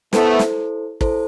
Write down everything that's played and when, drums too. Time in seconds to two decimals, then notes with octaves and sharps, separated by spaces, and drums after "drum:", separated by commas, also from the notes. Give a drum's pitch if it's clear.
0.13 A3 B3 E4 A4 C5, drum: snare
0.39 drum: snare
1.01 E4 A4 C5, drum: kick